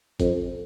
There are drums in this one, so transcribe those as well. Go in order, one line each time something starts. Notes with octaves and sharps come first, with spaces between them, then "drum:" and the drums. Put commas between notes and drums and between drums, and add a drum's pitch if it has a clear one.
F2, drum: kick, hi-hat